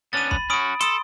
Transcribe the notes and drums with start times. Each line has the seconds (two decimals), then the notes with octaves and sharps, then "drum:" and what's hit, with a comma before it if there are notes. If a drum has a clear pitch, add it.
0.13 B3 C#4 D4 A6 D#7
0.31 B5, drum: kick
0.50 C#4 F#4 B5 D#6 D7
0.81 A4 C6 D#6, drum: hi-hat